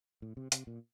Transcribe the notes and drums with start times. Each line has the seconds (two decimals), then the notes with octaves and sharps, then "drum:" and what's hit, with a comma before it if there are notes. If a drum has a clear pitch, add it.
0.22 A2
0.37 C3
0.52 C3, drum: hi-hat
0.67 A#2